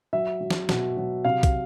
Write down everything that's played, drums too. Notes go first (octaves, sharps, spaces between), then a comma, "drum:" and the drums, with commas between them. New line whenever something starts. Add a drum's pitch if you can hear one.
F#3 E5
F#3
drum: snare
B2, drum: snare
F#3
C3 F5
drum: kick, hi-hat